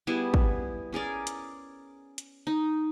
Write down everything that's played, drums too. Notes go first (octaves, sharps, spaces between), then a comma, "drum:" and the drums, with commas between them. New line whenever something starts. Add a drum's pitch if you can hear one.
G3 B3 E4 G#4
drum: kick
C#4 G#4 A#4 D5
drum: hi-hat
drum: hi-hat
D#4